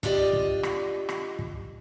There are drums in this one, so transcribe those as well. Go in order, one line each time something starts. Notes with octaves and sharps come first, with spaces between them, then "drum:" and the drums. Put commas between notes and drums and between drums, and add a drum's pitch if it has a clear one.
D4 F4 G4 D5 D#5, drum: kick
drum: kick
drum: rim click
drum: rim click
drum: kick